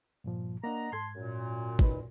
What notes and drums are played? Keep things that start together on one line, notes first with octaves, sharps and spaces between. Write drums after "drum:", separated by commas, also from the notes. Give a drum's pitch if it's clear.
G2 A#2 F3
A#3 D4 D#5 F#5 A#5
G#2 A5 C6 G#6
F#2 A#2
D#4 B4, drum: kick